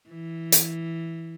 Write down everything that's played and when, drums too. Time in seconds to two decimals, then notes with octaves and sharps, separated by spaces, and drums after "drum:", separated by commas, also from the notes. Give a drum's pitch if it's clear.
0.09 E3
0.52 drum: hi-hat